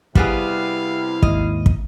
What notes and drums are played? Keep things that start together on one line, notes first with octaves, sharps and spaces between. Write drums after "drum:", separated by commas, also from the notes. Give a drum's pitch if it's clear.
C3 G3 B3 E4 G#4 F5, drum: kick
D#2 G#2 D#5, drum: kick
drum: kick